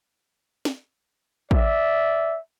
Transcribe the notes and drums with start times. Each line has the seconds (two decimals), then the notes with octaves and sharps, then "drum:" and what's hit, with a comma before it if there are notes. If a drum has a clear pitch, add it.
0.65 drum: snare
1.51 D5 E5, drum: kick